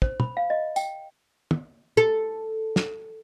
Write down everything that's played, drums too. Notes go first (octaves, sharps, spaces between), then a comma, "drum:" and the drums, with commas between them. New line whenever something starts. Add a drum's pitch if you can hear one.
C5, drum: kick
B5, drum: tom
F5
D#5
G5, drum: tambourine
drum: tom
A4
drum: snare